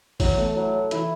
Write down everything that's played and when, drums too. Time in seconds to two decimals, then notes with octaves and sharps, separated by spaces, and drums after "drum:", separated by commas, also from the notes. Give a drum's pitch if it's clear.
0.20 E3 F#3, drum: kick, open hi-hat
0.37 A3
0.55 F#3 E4
0.74 A4
0.91 E3 E4, drum: hi-hat